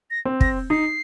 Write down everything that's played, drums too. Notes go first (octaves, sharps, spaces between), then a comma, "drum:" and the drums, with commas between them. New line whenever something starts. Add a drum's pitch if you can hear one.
A#6
C4
A#6, drum: kick
D#4 C7